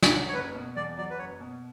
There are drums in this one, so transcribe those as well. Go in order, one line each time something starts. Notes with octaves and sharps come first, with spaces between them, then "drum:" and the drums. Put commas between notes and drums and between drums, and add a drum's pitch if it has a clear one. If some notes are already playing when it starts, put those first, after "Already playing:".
drum: snare
F#3
C#5
F#1 B4
B2
E2 D5
F#3 D5
B4
F#1 C#5
B2